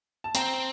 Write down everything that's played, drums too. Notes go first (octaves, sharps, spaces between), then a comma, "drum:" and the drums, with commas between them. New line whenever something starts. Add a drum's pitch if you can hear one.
A5
C4 G5 A#5, drum: hi-hat